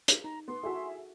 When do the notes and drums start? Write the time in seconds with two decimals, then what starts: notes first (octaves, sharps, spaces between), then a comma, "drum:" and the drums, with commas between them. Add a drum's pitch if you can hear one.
0.08 drum: hi-hat
0.24 D#4 A#5
0.48 B3 C6
0.63 E4 F#4 G#4 A4 E5